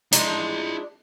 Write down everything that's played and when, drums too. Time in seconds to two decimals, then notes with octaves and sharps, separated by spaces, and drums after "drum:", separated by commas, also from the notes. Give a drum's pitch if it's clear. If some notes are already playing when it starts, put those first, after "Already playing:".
0.12 F3 G#3 D4 E4 A#5, drum: hi-hat